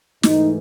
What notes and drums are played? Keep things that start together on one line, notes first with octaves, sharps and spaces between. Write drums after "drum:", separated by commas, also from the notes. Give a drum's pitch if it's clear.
G#2 E3 A3 D#4, drum: snare